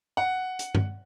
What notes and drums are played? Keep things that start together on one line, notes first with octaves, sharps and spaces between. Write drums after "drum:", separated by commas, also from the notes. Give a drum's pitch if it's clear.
F#5
drum: hi-hat
drum: tom G2